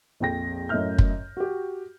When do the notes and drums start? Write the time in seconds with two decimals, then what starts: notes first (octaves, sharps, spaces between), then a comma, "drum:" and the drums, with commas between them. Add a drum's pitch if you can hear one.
0.20 A#1 F2 G5 A#6
0.69 F#2 A2 D#5 E5 F6 G6
0.99 drum: kick
1.37 F#4 G4